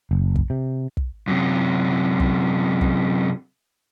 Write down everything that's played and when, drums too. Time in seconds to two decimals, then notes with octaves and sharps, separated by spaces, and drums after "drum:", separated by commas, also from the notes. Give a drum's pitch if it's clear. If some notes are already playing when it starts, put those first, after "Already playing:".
0.11 F#1
0.36 drum: kick
0.50 C3
0.97 drum: kick
1.28 F#2 C3
2.20 drum: kick
2.81 drum: kick